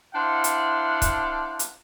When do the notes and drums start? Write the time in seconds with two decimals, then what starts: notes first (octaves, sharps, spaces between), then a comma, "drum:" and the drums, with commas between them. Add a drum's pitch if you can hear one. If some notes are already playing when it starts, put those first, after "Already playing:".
0.15 D4 E4 C5 F5 F#5
0.44 drum: hi-hat
1.02 drum: kick, hi-hat
1.59 drum: hi-hat